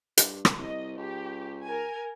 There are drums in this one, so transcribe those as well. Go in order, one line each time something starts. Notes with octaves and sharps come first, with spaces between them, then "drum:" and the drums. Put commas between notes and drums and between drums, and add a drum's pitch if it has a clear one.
G2, drum: hi-hat
drum: rim click
C2 D#5
C#2 G4
A#4 G#5